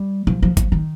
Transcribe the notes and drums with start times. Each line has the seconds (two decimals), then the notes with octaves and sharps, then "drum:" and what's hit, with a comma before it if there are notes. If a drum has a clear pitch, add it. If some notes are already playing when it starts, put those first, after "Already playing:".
Already playing: G3
0.27 F3, drum: tom B2
0.43 F3
0.57 F3, drum: kick, hi-hat
0.72 D#3